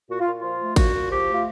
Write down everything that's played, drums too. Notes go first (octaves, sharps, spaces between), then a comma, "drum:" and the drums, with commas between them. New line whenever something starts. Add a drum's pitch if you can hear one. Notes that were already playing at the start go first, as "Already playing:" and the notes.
A#2 F#4
F4
A#2
F3 F4
A3
A#2 F#4, drum: kick G#1, cymbal
A#2
F3 G4
A3
F4